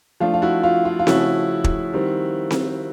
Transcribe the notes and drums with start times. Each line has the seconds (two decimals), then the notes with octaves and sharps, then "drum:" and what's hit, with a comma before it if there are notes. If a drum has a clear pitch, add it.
0.20 F3 A3 D4 F4
0.34 F4
0.42 E4 F#4
0.63 F4
0.85 F4
0.99 F4
1.07 C#3 F3 A3 C#4 E4 F#4, drum: snare C4
1.64 drum: kick
1.93 D#3 G3 C4
2.51 drum: snare C4